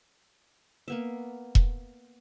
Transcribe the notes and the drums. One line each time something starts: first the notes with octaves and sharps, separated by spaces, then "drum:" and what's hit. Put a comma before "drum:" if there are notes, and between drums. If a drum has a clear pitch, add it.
A#3 B3 E5
drum: kick E1